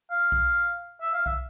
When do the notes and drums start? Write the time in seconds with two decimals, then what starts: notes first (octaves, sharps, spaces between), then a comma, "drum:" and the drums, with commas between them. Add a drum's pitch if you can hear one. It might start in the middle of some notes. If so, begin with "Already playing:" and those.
0.11 F5
0.32 drum: kick B1
1.01 E5
1.14 F5
1.26 E5, drum: kick B1